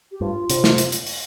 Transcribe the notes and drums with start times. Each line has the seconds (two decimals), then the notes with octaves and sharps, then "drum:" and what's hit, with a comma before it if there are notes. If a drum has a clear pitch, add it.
0.12 G4
0.21 G2 F4
0.50 C3, drum: hi-hat
0.64 drum: snare
0.78 drum: hi-hat
0.92 drum: hi-hat
1.07 drum: open hi-hat